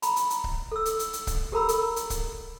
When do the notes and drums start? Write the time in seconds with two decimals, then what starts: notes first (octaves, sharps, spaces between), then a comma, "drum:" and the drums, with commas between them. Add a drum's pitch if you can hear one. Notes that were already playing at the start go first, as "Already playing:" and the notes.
0.02 A#5 B5, drum: hi-hat
0.16 drum: hi-hat
0.30 drum: hi-hat
0.44 drum: kick C#1
0.72 A4 E6
0.85 drum: hi-hat
0.99 drum: hi-hat
1.13 drum: hi-hat
1.27 drum: kick C#1, hi-hat
1.52 G4 A4 A#4 A#5 B5 E6
1.69 drum: hi-hat
1.96 drum: hi-hat
2.10 drum: kick C#1, hi-hat